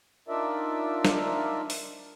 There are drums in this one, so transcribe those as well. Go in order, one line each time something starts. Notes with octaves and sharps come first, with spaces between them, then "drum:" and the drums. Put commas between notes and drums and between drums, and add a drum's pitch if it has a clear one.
D4 D#4 F4 A#4 D5 E5
drum: snare
drum: open hi-hat